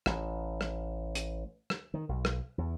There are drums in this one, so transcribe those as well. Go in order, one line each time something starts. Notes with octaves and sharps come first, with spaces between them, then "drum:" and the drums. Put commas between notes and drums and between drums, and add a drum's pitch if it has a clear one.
A1, drum: rim click
drum: rim click
drum: hi-hat
drum: rim click
D#3
B1
drum: rim click
E2